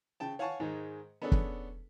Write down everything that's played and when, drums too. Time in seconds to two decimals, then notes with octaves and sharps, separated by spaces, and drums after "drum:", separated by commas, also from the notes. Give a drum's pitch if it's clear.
0.20 C#3 G5 A5
0.39 C#5 F5 F#5 G#5 A5 C#6
0.60 G#2 D#3 G#3
1.22 B3 C#4 D4 G#4 A4 B4
1.32 drum: kick